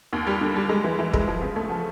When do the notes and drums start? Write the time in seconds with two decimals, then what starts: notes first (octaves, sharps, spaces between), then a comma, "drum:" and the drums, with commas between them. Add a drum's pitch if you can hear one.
0.13 D#2
0.27 G3
0.41 D3
0.56 G3
0.69 G#3
0.84 E3
0.99 E3
1.14 G#3, drum: kick
1.28 F3
1.42 C#3
1.56 A3
1.70 F3